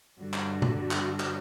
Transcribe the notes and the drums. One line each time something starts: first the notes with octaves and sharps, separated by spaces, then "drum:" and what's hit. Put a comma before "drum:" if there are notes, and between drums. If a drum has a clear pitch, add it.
G2 D3 G3 F#4
drum: clap
drum: tom A#2
drum: clap
drum: clap